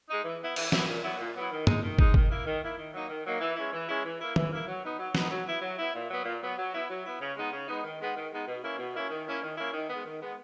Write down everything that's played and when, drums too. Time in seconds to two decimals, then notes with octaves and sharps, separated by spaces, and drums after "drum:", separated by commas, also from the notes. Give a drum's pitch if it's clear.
0.09 G#3 D#4
0.24 E3
0.40 B3 E4
0.56 E3, drum: cymbal
0.72 B3 E4, drum: snare
0.88 A#2
1.04 F#3 B3 E4
1.19 A#2
1.35 F#3 B3 E4
1.51 D#3
1.67 G#3 D#4, drum: tom
1.82 D#3
1.99 G#3 D#4, drum: kick
2.14 D#3, drum: kick
2.30 A#3 E4
2.46 D#3
2.62 A#3 E4
2.78 D#3
2.93 F#3 A#3 D#4
3.09 D#3
3.25 F#3 A#3 D#4
3.41 E3
3.56 G#3 C#4 E4
3.73 E3
3.88 G#3 C#4 E4
4.04 E3
4.20 A#3 E4
4.36 E3, drum: tom
4.51 A#3 E4
4.67 F#3
4.83 B3 D#4
4.99 F#3
5.15 B3 D#4, drum: snare
5.31 F#3
5.46 B3 E4
5.62 F#3
5.78 B3 E4
5.94 A#2
6.10 F#3 B3
6.25 A#2
6.41 F#3 B3
6.57 F#3
6.73 B3 E4
6.89 F#3
7.05 B3 E4
7.20 C#3
7.36 G#3 B3 D#4
7.52 C#3
7.68 G#3 B3 D#4
7.84 D#3
7.99 G#3 B3 D#4
8.15 D#3
8.31 G#3 B3 D#4
8.47 B2
8.63 A#3 C#4 E4
8.78 B2
8.94 A#3 C#4 E4
9.10 D#3
9.26 A#3 C#4 E4
9.42 D#3
9.58 A#3 C#4 E4
9.73 D#3
9.89 G#3 B3
10.05 D#3
10.21 G#3 B3